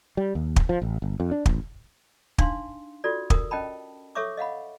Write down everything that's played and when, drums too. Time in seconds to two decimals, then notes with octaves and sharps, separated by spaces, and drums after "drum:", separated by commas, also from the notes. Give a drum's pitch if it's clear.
0.17 G3
0.35 D#2
0.56 drum: kick
0.69 F3
0.82 A1
1.02 G1
1.20 F2
1.31 D4
1.46 A1, drum: kick
2.38 D4 D#4 F5 C6, drum: kick
3.04 F4 F#4 A4 D5
3.30 A#4 D#6, drum: kick
3.51 C#4 D#5 G5 A5 B5
4.15 A4 C#5 E5 C#6 D6
4.37 D#5 F5 F#5 B5